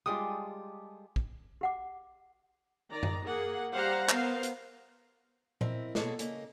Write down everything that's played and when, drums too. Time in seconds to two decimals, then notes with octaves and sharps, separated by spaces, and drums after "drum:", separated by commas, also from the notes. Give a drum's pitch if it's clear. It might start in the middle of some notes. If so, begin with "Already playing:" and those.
0.06 G3 G#3 F4 G4 A4 G#5 D#6
1.16 drum: kick
1.61 G4 F#5 D6
2.92 D#3 D5 A#5
3.03 drum: tom F#2
3.25 A#3 G#4 F#5
3.74 G3 G4 C5 F5 F#5 A#5
4.09 B3 A#4 C5 F5, drum: clap
4.43 drum: hi-hat
5.61 C4 E4 A#4 D#5, drum: tom A#2
5.95 B2 A#3 G#4 A4 C#5 D#5, drum: snare
6.19 C#3 A#3 D#5, drum: hi-hat